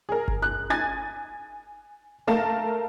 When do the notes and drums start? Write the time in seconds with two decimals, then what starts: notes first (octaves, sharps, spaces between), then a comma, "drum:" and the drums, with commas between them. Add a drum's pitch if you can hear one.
0.09 G#4 A#4
0.28 drum: kick G1
0.42 F#6
0.70 G#5 G#6 A6
2.27 A3 A#4 F5 A5